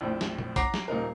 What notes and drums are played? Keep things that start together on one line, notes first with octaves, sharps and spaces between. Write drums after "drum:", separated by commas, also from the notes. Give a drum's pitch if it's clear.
A#1 F2 A2
drum: snare
drum: tom A#2
C#5 F#5 A#5 D6 A#6 C7, drum: kick B1, hi-hat
drum: snare
D#1 A#2 D#4 A#4